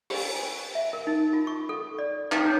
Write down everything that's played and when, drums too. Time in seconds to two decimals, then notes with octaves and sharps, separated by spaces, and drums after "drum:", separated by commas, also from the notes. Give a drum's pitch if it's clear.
0.10 G4, drum: open hi-hat
0.36 G#5
0.75 E5
0.93 A#4
1.07 D#4
1.33 F4
1.47 C#6
1.69 A4
1.99 D5
2.32 D#4, drum: clap
2.46 C#5